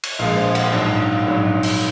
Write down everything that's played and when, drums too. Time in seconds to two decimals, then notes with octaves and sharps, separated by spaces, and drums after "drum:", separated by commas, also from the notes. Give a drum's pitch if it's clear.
0.03 drum: cymbal
0.19 A#1 A#2 F3 G#3 F5
0.37 C5
0.55 F#5, drum: cymbal
0.72 A#1 G#2 F#3 F5
1.26 A#1 G#2 F#3
1.63 drum: open hi-hat